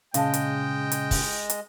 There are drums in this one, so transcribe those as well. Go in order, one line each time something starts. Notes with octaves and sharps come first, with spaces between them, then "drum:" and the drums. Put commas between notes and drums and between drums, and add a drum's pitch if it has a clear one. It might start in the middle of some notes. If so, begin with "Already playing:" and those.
A#2 C#3 G#3 C#4 D#5 F5 G5 A5, drum: hi-hat
drum: hi-hat
drum: hi-hat
drum: kick, open hi-hat
drum: hi-hat